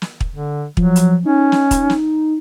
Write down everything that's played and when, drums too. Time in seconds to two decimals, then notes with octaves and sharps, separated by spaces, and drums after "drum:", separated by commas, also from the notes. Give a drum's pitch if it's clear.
0.02 drum: snare
0.20 drum: kick
0.31 D3
0.77 F3 F#3, drum: kick
0.96 drum: hi-hat
1.25 C#4 D#4
1.52 drum: snare
1.71 drum: kick, hi-hat
1.90 drum: snare